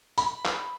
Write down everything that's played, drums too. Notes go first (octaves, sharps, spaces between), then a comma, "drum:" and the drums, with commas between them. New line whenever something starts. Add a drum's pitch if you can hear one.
B5, drum: hi-hat
drum: clap